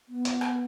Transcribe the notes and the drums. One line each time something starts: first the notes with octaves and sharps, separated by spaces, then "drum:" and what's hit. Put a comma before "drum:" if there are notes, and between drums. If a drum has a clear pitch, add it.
B3
drum: hi-hat
drum: rim click